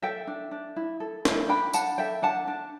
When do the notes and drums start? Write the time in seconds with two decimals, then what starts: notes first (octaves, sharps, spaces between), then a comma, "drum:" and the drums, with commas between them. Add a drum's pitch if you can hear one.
0.02 A4 E5 G5
0.27 D4
0.51 D4
0.76 E4
1.00 A4
1.25 E4, drum: snare
1.48 D4 G5 B5
1.74 D4 F#5 A5, drum: tambourine
1.98 A4 E5 G5
2.22 D4 F#5 A5
2.47 D4